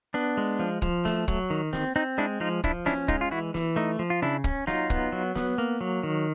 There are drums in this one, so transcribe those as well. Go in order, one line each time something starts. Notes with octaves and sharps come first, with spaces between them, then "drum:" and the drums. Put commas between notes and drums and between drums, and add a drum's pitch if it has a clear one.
B3 D4
G#3
F3
F3, drum: kick
A3, drum: snare
F#3, drum: kick
D#3
C4, drum: snare
C4 D#4
G#3 D4 E4
F3 D#4 F4
F3 D4 E4, drum: kick
C#4 D4 E4, drum: snare
G#3 D#4 F4, drum: kick
F4
E3 E4 F#4
E3, drum: snare
A3 D#4
F3
F4
C#3 D4 E4
C#4, drum: kick
F#3 D#4 F4, drum: snare
B3, drum: kick
F#3
B3, drum: snare
A#3
F#3
D#3